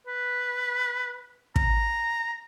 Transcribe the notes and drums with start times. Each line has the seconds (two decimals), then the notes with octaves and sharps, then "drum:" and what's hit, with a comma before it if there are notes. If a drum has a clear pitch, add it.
0.07 B4
1.56 A#5, drum: kick